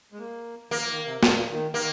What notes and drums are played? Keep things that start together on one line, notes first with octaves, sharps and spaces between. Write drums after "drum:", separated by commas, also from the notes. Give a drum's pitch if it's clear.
G#3
A#3
F3 A#3
F3
D#3
C3
A#2, drum: snare
D#3
D#3 A#3